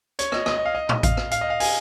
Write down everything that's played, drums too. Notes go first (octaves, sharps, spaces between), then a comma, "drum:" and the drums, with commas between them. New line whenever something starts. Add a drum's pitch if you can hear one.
C#5, drum: hi-hat
D#5, drum: rim click
D#5, drum: rim click
D#5
F5
D#5
drum: tom
F5, drum: kick A1, hi-hat
drum: rim click
F5, drum: hi-hat
D#5
F5
G#5, drum: open hi-hat